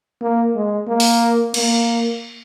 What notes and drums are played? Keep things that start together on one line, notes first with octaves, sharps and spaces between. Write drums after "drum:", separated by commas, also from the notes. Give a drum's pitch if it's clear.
A#3
G#3
A#3
drum: open hi-hat
A#3, drum: cymbal